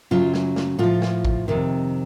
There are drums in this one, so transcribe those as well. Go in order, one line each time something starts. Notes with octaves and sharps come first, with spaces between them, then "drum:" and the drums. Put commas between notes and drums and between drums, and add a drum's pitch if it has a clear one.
F#2 C#3 F#3 F4
drum: snare
drum: snare
A2 F3 F4
drum: snare
drum: kick G#1
F2 C3 D#3